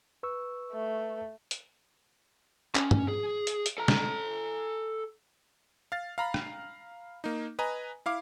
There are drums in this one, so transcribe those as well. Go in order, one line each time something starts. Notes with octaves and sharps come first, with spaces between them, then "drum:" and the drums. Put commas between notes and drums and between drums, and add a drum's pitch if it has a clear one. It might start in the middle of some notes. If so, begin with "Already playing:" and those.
B4 C#6 E6
A3
drum: hi-hat
C#4, drum: clap
drum: tom
G#4
drum: hi-hat
drum: hi-hat
A4 A#5
drum: snare
F5 A6
F5 A#5 B5
drum: rim click
A#3 D#4
B4 D#5 G#5 A#5
E4 F5 D6